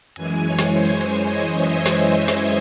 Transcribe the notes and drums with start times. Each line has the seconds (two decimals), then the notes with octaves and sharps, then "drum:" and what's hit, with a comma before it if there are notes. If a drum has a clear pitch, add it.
0.16 F#2 E3 G#3 G#5, drum: hi-hat
0.45 C#5
0.59 drum: snare
0.73 C5
1.01 C#5, drum: hi-hat
1.30 D#5
1.43 drum: open hi-hat
1.58 E5
1.86 drum: snare
2.07 drum: hi-hat
2.28 drum: snare